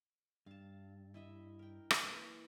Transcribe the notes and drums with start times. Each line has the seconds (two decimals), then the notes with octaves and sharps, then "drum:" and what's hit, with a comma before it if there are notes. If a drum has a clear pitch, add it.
0.46 G2 F5 A5
1.14 E4 D#5 E5
1.59 A#4 G5
1.91 drum: rim click
2.03 E3 A#3